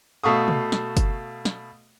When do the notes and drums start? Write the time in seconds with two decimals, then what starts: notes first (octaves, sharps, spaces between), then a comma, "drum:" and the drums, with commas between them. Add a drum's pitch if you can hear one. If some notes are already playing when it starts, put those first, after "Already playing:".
0.24 B2 A3 F5 C#6 D#6
0.48 drum: tom
0.72 drum: snare
0.97 drum: kick F#1, hi-hat
1.45 drum: snare